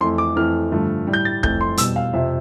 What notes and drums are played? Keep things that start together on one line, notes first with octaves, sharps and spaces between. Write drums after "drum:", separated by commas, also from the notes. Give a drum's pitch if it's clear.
F2 E3 A3 C6
D6
F2 E3 A3 F6
G2 D3 F3 A3
A2 G3
G6
A6
F2 E3 A3 G6, drum: kick
C6
E2 B2 G3 E6, drum: hi-hat
F5
F2 C3 F3 E5